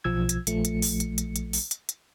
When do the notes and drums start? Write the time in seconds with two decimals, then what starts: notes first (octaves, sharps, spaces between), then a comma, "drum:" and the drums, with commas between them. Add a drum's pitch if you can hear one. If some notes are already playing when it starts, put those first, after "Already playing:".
0.04 B1 F3 E6 G#6
0.29 drum: hi-hat
0.47 A#1 F3 A3 C#7, drum: hi-hat
0.65 drum: hi-hat
0.82 drum: open hi-hat
1.00 drum: hi-hat
1.18 drum: hi-hat
1.36 drum: hi-hat
1.53 drum: open hi-hat
1.71 drum: hi-hat
1.89 drum: hi-hat